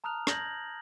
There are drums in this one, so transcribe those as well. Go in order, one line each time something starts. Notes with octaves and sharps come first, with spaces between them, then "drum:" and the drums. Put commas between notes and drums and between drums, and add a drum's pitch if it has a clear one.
A5 A#5 D#6 F6 F#6 F7
G6 G#6 A#6 F#7, drum: rim click